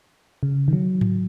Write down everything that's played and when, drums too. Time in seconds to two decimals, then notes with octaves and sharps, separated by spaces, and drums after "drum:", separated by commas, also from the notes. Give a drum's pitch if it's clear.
0.43 C#3
0.68 D#3
0.73 F#3
1.01 drum: tom G#2